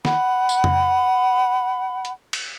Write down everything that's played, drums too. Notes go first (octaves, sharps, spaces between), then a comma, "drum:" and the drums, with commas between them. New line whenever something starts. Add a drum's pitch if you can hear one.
F#5 B5, drum: snare D#3
drum: tambourine
drum: tom F2
drum: hi-hat
drum: cymbal